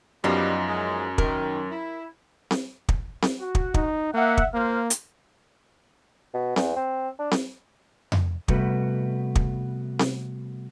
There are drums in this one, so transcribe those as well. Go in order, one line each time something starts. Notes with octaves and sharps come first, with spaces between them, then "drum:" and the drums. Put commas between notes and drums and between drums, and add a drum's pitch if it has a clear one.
F#2 F3 G3 B3 D#4
G#3
D#3 A#4, drum: kick
E4
drum: snare C4
drum: kick
drum: snare C4
F#4
drum: kick
D#4, drum: kick
A#3 E5 F#5
drum: kick
A#3 F4 C5 F5
drum: hi-hat
B2
E2, drum: snare C4
C4
D4
drum: snare C4
drum: tom F2
C3 G3 A3 B3 F#4 B4, drum: kick
drum: kick
drum: snare C4